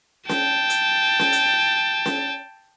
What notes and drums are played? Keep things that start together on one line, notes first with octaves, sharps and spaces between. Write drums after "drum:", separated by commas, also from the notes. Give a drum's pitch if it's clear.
G5 A5, drum: snare C#4
drum: hi-hat
drum: snare C#4
drum: hi-hat
drum: snare C#4